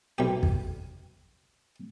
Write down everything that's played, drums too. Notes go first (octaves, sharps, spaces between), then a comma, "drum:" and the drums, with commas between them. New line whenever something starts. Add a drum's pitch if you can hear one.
B1 G4
drum: kick